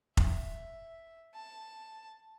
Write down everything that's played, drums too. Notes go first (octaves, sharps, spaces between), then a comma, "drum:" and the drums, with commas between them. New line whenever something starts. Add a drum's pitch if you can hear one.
E5, drum: kick F1
A5